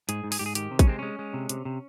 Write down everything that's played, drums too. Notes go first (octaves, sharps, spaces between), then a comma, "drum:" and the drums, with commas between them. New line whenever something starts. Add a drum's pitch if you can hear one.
G#2 G#4, drum: hi-hat
G#2
G#4, drum: open hi-hat
G#2 G4
G#4
D#3 G4, drum: hi-hat
C3
C#4, drum: kick, hi-hat
G#3 C4
G#3 C#4
G#3
C3
C3, drum: hi-hat
C3